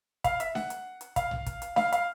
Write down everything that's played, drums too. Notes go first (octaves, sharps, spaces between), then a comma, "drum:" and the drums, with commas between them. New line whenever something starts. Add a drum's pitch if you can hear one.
F5, drum: kick, hi-hat
E5, drum: hi-hat
F#5, drum: snare D4
drum: hi-hat
drum: hi-hat
F5, drum: kick, hi-hat
drum: tom
drum: kick, hi-hat
drum: hi-hat
F5, drum: snare D4
F5, drum: hi-hat